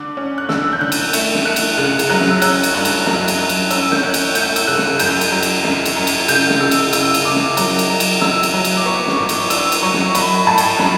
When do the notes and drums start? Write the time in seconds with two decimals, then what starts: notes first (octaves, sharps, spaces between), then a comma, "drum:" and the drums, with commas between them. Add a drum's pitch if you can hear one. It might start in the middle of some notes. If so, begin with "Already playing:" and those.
Already playing: D3 D6
0.17 C#4
0.38 F#6
0.49 D3 E6, drum: snare
0.73 G6
0.81 D3 F#6
0.92 drum: cymbal
1.13 A3, drum: cymbal
1.35 drum: snare
1.45 A3 F#6
1.56 drum: cymbal
1.78 C#3 F#6
1.99 drum: cymbal
2.10 F#3 F#6
2.21 drum: snare
2.30 E6
2.42 C#4 F#6, drum: cymbal
2.63 drum: cymbal
2.74 G2 F#6
2.85 drum: cymbal
3.06 F#3 F#6, drum: snare
3.28 drum: cymbal
3.39 F#3 F#6
3.49 drum: cymbal
3.70 C#4 E6, drum: cymbal
3.92 G6, drum: snare
4.03 C#4 F#6
4.14 drum: cymbal
4.35 A3 G6, drum: cymbal
4.56 E6, drum: cymbal
4.68 C#3 F#6
4.78 drum: snare
4.99 F#2 G6, drum: cymbal
5.21 drum: cymbal
5.32 F#3
5.43 drum: cymbal
5.64 F#2, drum: snare
5.85 drum: cymbal
5.96 F#2
6.07 drum: cymbal
6.28 C#3 G6, drum: cymbal
6.50 drum: snare
6.60 C#3 E6
6.71 drum: cymbal
6.93 C#3 E6, drum: cymbal
7.14 drum: cymbal
7.25 C#3 D6
7.36 drum: snare
7.57 F#3, drum: cymbal
7.79 drum: cymbal
7.89 F#3
8.00 drum: cymbal
8.21 F#3 E6, drum: snare
8.43 drum: cymbal
8.54 F#3
8.65 drum: cymbal
8.77 D6
8.86 B3 C#6
9.07 drum: snare
9.18 A2 D6
9.29 drum: cymbal
9.50 D4 E6, drum: cymbal
9.72 drum: cymbal
9.83 F#3 C#6
9.93 drum: snare
10.15 F#3 B5, drum: cymbal
10.46 A2 A5
10.58 drum: cymbal
10.79 F#3 B5, drum: snare